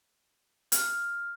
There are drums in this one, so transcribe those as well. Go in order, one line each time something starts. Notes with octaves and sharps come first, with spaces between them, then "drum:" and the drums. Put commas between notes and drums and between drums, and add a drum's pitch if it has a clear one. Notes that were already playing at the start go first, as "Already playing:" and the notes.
F6, drum: hi-hat